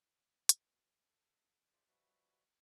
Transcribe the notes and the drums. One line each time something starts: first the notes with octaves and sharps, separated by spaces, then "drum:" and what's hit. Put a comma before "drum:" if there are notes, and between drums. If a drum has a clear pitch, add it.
drum: hi-hat
D2 B2 E3
A4
F4 G#4 C5 D5 E5
F3 G3 F#4 B4 E5